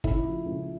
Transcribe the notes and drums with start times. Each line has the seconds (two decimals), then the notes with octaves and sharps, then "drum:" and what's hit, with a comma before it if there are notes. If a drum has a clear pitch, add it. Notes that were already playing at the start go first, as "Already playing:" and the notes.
0.04 C#3 E4, drum: kick
0.25 F3
0.45 C#2